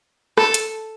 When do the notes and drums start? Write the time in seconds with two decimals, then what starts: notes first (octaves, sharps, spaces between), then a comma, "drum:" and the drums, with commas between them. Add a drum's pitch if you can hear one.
0.38 A4, drum: rim click
0.54 drum: hi-hat